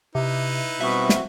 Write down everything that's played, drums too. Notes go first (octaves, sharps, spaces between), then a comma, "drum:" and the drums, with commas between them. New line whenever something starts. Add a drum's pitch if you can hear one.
C3 D#4 E4 B4
B2 G3 C4 F#4 E5
drum: snare